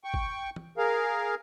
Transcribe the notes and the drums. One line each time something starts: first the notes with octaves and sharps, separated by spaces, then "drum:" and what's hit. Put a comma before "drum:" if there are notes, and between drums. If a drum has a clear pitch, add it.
G5 C#6
drum: kick G1
drum: tom
G#4 A#4 F5